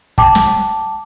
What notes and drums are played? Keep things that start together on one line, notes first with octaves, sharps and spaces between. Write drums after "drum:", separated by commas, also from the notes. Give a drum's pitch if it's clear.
G5 A5 D6, drum: kick
drum: snare